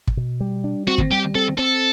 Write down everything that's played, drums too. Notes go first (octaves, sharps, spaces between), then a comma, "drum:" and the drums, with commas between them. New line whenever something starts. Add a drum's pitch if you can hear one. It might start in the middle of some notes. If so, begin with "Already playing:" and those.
drum: kick
B2
G3
D4
C4 F#4
drum: kick
G3 G4
C4 A4
C4 A4